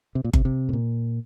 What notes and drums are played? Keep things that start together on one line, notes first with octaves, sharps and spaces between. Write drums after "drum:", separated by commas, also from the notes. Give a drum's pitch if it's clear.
C3
A#2
C3, drum: kick G1
C3
A2
A#2